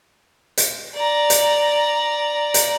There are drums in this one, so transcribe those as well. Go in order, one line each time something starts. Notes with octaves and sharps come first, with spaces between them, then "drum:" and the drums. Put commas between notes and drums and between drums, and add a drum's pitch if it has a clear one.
drum: hi-hat
D5 A#5
drum: hi-hat
drum: hi-hat